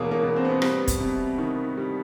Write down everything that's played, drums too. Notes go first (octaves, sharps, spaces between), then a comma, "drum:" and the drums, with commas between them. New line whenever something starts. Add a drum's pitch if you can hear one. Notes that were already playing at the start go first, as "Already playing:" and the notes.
Already playing: E2 B2 F#3 G#3 A#3
A#3
B2
C4
B3
C4
G3 B3, drum: rim click
drum: kick, hi-hat
C3
D#3
G3